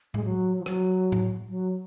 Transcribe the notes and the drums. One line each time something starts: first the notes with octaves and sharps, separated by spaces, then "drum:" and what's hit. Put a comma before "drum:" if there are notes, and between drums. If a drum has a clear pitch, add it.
G#3, drum: tom A2
F#3
F3
F#3, drum: rim click
drum: tom A2
F#3